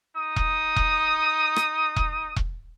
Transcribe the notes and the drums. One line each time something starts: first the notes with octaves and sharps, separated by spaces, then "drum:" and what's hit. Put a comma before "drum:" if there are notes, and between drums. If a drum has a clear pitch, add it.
D#4 D#6
drum: kick E1
drum: kick E1
drum: rim click
drum: kick E1
drum: kick E1